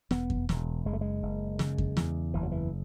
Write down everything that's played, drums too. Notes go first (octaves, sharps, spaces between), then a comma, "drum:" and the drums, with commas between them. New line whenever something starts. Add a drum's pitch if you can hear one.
E1 B3, drum: snare
drum: kick F2
E1, drum: snare
F#1 G#3
A3
G#3
F#1
C#3, drum: snare
drum: kick F2
E2, drum: snare
F#1 E3
F#3
E3